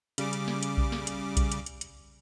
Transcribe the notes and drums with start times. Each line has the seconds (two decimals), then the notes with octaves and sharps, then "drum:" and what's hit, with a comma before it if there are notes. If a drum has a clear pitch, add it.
0.18 C#3 G3 D6, drum: hi-hat
0.33 drum: hi-hat
0.48 drum: snare
0.63 drum: hi-hat
0.77 drum: kick B1
0.92 drum: snare
1.07 drum: hi-hat
1.37 drum: kick B1, hi-hat
1.52 drum: hi-hat
1.66 drum: hi-hat
1.81 drum: hi-hat